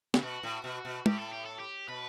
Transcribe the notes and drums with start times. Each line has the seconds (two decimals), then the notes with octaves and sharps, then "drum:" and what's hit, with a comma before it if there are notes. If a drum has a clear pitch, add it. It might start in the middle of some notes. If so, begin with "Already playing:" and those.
0.14 C#3, drum: snare
0.23 B2 F#4
0.43 A2
0.64 B2
0.85 B2
1.06 A2 G4, drum: tom
1.19 A4
1.32 G4
1.45 A4
1.59 G4
1.88 B2 B4